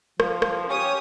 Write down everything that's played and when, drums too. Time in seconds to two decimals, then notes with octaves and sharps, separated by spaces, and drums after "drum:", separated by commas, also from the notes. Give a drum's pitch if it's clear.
0.20 F3, drum: rim click
0.42 drum: rim click
0.68 C#4 G4 C#5 D#6